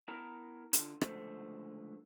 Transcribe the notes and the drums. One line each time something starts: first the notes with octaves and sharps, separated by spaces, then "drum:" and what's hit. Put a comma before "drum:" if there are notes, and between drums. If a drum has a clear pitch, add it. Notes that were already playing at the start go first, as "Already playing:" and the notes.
B3 E4 A#4 A5 A#5
D3 F4 A5, drum: hi-hat
C#2 D3 F3 A3 C5 F#5, drum: rim click